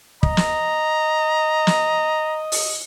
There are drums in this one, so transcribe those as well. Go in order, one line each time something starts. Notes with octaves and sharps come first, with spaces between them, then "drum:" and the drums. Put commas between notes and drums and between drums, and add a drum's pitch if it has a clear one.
D#5 A#5, drum: kick
drum: snare
drum: snare
drum: open hi-hat